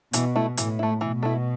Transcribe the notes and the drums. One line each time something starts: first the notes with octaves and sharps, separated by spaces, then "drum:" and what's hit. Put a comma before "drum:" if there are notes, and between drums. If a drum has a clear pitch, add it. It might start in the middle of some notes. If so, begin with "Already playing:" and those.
B2 E3, drum: hi-hat
A3 E4
A2 E3, drum: hi-hat
A3 E4
B2 E3
A3 E4